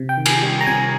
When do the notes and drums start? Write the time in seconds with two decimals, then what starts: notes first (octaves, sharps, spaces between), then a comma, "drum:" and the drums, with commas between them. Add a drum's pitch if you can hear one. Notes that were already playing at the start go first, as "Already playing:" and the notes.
Already playing: C3
0.09 G5
0.17 D#3
0.26 G#5, drum: cymbal
0.42 G3
0.61 A#5
0.67 C3 G#5